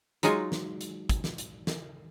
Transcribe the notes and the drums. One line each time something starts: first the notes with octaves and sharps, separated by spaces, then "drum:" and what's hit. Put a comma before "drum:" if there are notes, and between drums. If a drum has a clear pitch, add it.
F#3 G#3 D#4 F4 G#5, drum: hi-hat
drum: snare
drum: hi-hat
drum: kick, hi-hat
drum: snare
drum: hi-hat
drum: snare